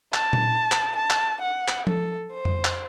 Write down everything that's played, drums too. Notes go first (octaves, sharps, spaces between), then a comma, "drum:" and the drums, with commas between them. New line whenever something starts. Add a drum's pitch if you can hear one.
A5, drum: clap
drum: tom A#2
drum: clap
A5
drum: clap
F#5
drum: clap
A4, drum: tom F3
C5
drum: tom F2
drum: clap